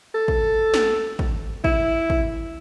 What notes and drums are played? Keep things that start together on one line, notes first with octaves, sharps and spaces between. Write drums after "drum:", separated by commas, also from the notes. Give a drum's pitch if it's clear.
A4
drum: kick
drum: snare
drum: kick
E4, drum: kick
drum: kick